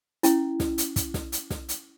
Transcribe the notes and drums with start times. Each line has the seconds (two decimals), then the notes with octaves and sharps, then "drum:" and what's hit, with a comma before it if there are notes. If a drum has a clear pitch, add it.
0.23 C#4 E4, drum: hi-hat
0.60 drum: snare
0.78 drum: hi-hat
0.96 drum: kick, hi-hat
1.14 drum: snare
1.32 drum: hi-hat
1.50 drum: snare
1.69 drum: hi-hat